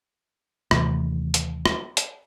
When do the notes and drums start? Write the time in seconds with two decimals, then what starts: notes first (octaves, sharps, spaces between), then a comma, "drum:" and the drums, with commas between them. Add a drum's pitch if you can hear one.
0.71 D#2 C3 E3 A3, drum: rim click
1.34 drum: hi-hat
1.66 drum: rim click
1.97 drum: hi-hat